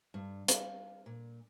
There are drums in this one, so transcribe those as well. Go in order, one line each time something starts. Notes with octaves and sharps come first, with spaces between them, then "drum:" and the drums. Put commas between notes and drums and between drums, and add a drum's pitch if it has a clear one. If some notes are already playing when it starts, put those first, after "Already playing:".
G2
F5, drum: hi-hat
A#2